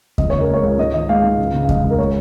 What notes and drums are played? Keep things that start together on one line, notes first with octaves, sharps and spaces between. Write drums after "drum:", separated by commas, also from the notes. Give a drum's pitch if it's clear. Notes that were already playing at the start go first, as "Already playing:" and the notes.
C#2 D#5, drum: kick E2
C#3 C#5
A#4
G#3 C#5
C#2
G#2 D#5
D#3 D#5
G#3 F5
G#2
C#2
C#3
F5
G#3 D#5, drum: kick E2
C#2
A#4
G#3 C#5